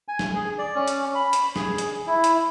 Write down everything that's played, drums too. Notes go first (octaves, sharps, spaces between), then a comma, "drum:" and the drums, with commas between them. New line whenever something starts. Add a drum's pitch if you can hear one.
G#5
drum: snare
G#4
D5
C#4
drum: hi-hat
B5
drum: hi-hat
G#4, drum: snare
drum: hi-hat
E4
drum: hi-hat